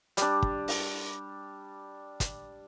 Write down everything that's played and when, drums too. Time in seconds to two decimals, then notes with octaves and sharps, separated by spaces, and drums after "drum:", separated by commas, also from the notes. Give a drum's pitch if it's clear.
0.17 G3 D4, drum: hi-hat
0.42 drum: kick
0.68 drum: open hi-hat
2.20 drum: kick, hi-hat